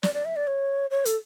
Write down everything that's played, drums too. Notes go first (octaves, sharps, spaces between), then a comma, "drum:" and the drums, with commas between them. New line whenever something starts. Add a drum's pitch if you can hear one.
D5, drum: snare
D5
E5
D5
C#5
C#5
A4, drum: hi-hat